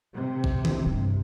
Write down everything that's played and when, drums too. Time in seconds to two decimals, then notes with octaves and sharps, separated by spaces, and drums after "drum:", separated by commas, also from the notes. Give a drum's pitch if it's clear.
0.14 C3
0.44 drum: kick
0.65 drum: tom
0.86 G2